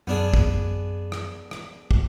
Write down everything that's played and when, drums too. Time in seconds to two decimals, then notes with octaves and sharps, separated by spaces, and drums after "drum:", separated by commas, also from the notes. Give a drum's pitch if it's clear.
0.07 F#2 B3 D4 G#4
0.34 drum: kick
1.12 drum: rim click
1.51 drum: rim click
1.91 drum: kick